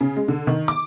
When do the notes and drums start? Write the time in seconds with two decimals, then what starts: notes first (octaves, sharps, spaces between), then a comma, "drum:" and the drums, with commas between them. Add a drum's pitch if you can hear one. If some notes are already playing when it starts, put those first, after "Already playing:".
0.01 C#3
0.17 G#3
0.28 D3
0.47 D#3
0.68 D6, drum: hi-hat